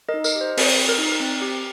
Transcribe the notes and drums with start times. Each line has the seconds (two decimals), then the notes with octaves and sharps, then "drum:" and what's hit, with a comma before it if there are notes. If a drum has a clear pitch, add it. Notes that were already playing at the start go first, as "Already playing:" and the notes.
0.09 A#4 D#5
0.14 D#4
0.24 A#4 D#5, drum: tambourine
0.35 G4
0.41 C5
0.57 C4, drum: open hi-hat
0.78 G4
0.89 A#4
0.98 D#4
1.12 A#4
1.20 C4
1.42 G4